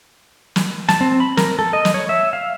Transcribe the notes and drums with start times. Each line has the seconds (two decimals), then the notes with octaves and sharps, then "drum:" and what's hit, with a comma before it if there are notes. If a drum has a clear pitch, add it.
0.56 drum: snare
0.89 A5, drum: snare
1.01 C4
1.20 B5
1.37 A#4, drum: snare
1.59 A4
1.73 D#5
1.85 drum: snare
1.94 C#5
2.09 E5
2.33 F5